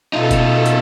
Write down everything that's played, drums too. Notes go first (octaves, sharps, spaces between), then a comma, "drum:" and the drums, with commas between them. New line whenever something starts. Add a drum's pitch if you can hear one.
B2 D#4 F4 A4
drum: kick, hi-hat
drum: hi-hat